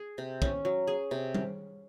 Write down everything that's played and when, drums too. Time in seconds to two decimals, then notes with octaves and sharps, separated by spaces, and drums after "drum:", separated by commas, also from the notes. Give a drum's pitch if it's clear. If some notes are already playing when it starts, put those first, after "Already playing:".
Already playing: G#4
0.18 C3
0.42 C#4, drum: kick
0.65 F#3
0.87 G#4
1.11 C3
1.34 drum: tom G3